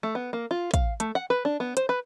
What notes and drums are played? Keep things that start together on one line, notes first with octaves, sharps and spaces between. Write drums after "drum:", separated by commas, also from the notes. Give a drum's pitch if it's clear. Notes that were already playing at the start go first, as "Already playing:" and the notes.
A3
B3
A#3
F4
F5, drum: kick, hi-hat
A3, drum: hi-hat
F#5
B4
D4
B3
C5, drum: hi-hat
B4